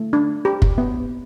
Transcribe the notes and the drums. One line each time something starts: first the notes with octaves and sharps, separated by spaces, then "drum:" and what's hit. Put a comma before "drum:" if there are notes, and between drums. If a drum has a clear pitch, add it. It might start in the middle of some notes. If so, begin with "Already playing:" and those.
Already playing: A3
D4
G4
drum: kick
B3